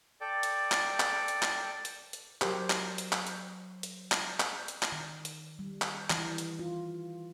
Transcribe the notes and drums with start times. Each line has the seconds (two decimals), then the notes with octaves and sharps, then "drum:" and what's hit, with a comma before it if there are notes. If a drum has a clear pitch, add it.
0.21 A4 D5 G5
0.43 drum: hi-hat
0.72 drum: clap
1.00 drum: clap
1.28 drum: hi-hat
1.42 drum: clap
1.85 drum: hi-hat
2.13 drum: hi-hat
2.42 F#3 G4 A#4 C5, drum: clap
2.70 drum: clap
2.98 drum: hi-hat
3.12 drum: clap
3.27 drum: hi-hat
3.83 drum: hi-hat
4.12 drum: clap
4.40 drum: clap
4.68 drum: hi-hat
4.82 drum: clap
4.92 D#3
5.25 drum: hi-hat
5.59 G3
5.82 drum: clap
6.10 E3, drum: clap
6.38 drum: hi-hat
6.59 F4